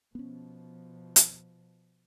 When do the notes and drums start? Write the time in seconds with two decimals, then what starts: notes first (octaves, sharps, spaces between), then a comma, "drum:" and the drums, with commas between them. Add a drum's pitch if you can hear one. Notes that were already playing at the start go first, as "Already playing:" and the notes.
0.15 B2 F3 B3 C#4
1.16 drum: hi-hat